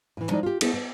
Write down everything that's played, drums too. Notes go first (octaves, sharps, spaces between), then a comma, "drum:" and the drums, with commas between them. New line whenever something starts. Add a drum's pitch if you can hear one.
A2 E3
F3 G#3 D#4 E4 D5
F4 G4
A3 B3 E4 G#4 B4, drum: cymbal
B3